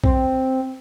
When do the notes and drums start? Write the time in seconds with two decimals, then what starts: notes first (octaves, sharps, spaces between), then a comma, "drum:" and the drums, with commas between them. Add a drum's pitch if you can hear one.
0.04 C4, drum: kick B1